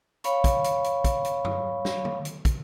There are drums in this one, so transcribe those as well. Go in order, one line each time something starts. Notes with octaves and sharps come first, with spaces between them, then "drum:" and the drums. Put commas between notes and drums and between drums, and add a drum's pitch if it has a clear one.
C#5 F5 B5 C#6, drum: hi-hat
drum: kick, hi-hat
drum: hi-hat
drum: hi-hat
drum: kick, hi-hat
drum: hi-hat
drum: tom F#2
drum: snare
drum: tom
drum: hi-hat
drum: kick, hi-hat